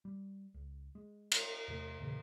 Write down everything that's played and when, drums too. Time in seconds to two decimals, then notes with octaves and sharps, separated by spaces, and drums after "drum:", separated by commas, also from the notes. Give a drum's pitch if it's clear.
0.05 G3
0.54 C#2
0.95 G#3
1.32 drum: cymbal
1.68 E2 C3 A3
1.99 E2 A#2 C#3 E3